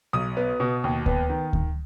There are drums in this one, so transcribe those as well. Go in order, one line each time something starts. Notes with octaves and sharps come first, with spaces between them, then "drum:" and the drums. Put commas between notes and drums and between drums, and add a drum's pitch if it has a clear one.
B1 D#6
B3
B2
D#2
B3, drum: kick D2
D#3
drum: kick D2